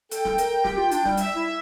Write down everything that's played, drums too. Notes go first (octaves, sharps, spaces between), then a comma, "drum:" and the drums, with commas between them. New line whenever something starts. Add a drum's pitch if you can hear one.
A4 G5, drum: hi-hat
drum: snare
A#4, drum: hi-hat
G4, drum: snare
F4
D4, drum: hi-hat
G3, drum: snare
E5, drum: hi-hat
E4